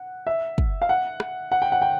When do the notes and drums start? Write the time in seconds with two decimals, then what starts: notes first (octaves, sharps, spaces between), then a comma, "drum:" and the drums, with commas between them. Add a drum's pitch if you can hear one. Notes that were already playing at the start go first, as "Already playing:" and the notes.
Already playing: F#5
0.27 E5
0.58 drum: kick
0.82 F5
0.89 F#5
1.20 drum: rim click
1.52 F#5
1.62 G5
1.72 F#5
1.82 G5